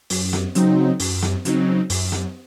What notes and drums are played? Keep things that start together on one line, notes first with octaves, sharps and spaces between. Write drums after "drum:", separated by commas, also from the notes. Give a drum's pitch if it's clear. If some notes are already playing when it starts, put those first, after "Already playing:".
F#2, drum: open hi-hat
drum: snare
C#3 F#3 C4 D#4, drum: hi-hat
F#2, drum: open hi-hat
drum: snare
C#3 F#3 C4 D#4, drum: hi-hat
F#2, drum: open hi-hat
drum: snare